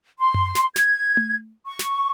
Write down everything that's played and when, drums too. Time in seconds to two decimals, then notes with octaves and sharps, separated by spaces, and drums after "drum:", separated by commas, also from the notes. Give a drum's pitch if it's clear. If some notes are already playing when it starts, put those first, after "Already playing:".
0.19 C6
0.34 drum: tom F#2
0.55 drum: snare
0.76 G#6, drum: snare
1.17 drum: tom A3
1.67 C#6
1.79 drum: snare